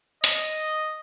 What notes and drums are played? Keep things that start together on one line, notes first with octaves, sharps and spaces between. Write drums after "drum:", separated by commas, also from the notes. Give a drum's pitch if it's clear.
D#5, drum: hi-hat